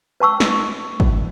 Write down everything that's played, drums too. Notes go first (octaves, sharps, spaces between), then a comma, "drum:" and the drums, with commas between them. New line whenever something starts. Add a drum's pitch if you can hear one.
B4 A5 C#6 E6
drum: snare
drum: kick